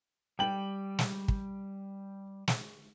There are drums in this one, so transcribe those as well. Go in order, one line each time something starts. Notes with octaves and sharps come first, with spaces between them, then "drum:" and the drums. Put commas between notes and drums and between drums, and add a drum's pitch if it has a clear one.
G3 G5 F#7
drum: snare
drum: kick
drum: snare